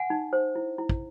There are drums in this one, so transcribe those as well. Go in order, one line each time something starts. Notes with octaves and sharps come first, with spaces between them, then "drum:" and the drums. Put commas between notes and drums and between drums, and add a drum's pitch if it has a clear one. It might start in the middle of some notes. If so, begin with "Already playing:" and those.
Already playing: F#5 G#5
D#4
C5
E4
E4
drum: kick